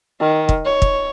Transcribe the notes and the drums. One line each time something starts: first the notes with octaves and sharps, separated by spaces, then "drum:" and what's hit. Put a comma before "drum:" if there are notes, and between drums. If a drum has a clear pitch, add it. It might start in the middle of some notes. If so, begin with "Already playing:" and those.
D#3
drum: kick
C#5
drum: kick